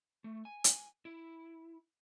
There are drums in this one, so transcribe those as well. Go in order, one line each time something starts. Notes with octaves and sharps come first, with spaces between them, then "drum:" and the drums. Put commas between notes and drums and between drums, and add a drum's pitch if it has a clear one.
A3
G#5
drum: hi-hat
E4